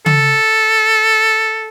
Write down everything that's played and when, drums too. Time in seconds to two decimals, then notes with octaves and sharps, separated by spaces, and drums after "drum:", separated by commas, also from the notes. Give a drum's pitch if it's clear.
0.06 A4, drum: tom C#3